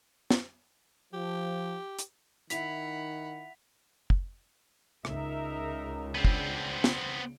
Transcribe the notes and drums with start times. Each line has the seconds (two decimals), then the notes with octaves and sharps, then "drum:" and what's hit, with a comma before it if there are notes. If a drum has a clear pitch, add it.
0.30 drum: snare
1.13 F3 G4
1.99 drum: hi-hat
2.50 D#3 E4 F#5 B5 B6 F7, drum: hi-hat
4.10 drum: kick
5.05 C#2 D#4 A#4 E5, drum: rim click
6.15 B3 C4 D4
6.25 drum: kick
6.84 drum: snare